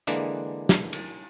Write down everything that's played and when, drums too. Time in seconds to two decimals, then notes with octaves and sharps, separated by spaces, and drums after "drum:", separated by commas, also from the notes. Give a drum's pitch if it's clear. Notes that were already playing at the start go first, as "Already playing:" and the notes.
0.07 D3 E3 G#3 A#3 D4, drum: hi-hat
0.69 drum: snare
0.93 drum: cymbal